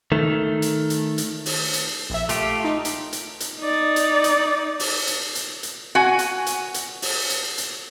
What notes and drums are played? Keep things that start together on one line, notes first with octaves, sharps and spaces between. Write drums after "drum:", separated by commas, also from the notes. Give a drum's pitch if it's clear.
D#3 A3
drum: hi-hat
drum: hi-hat
drum: hi-hat
drum: open hi-hat
drum: hi-hat
A#1 E5
A3 F4 G4, drum: hi-hat
D#4
drum: hi-hat
drum: hi-hat
drum: hi-hat
D#4 D5
drum: hi-hat
drum: hi-hat
drum: open hi-hat
drum: hi-hat
drum: hi-hat
drum: hi-hat
F#4 G#5
drum: hi-hat
drum: hi-hat
drum: hi-hat
drum: open hi-hat
drum: hi-hat
drum: hi-hat